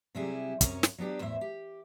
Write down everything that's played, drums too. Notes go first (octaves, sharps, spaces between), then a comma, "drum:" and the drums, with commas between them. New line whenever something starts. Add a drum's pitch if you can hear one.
C3 F#3 G3 E4 G4 G#4
F#2 C3 C#4 C#5, drum: kick, hi-hat
drum: snare
F#3 B3 D4 G4
E2 A2 C5 E5
G4